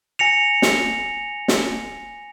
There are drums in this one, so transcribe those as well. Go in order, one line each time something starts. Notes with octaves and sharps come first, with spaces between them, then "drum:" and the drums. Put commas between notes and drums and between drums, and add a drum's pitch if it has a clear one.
G#5 A#6 C#7 F7
drum: snare
drum: snare